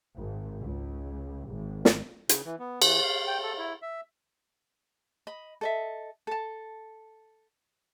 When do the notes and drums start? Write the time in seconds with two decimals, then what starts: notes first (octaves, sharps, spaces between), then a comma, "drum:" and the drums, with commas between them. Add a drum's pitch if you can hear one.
0.17 G#1
0.61 C#2
1.50 G#1
1.85 drum: snare
2.29 C#3, drum: hi-hat
2.45 E3
2.59 B3
2.82 E3, drum: cymbal
3.03 F5
3.27 G5
3.43 A4
3.58 E4
3.82 E5
5.27 D#5 B5
5.61 A4 D#5 E5
6.27 A4 A5